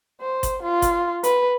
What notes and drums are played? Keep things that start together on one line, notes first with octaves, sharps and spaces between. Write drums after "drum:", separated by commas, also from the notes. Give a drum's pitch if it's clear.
C5
drum: kick G1, hi-hat
F4
drum: kick G1, hi-hat
B4, drum: hi-hat